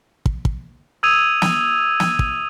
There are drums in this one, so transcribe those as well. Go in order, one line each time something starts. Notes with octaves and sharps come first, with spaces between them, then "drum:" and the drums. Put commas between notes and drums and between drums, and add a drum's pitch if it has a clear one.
drum: kick
drum: kick
D#6 E6 G#6 D#7 F7
drum: snare
drum: snare
drum: kick